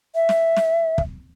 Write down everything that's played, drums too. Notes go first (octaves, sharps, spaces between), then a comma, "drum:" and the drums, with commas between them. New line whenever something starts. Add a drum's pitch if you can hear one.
E5
drum: snare
drum: snare
drum: kick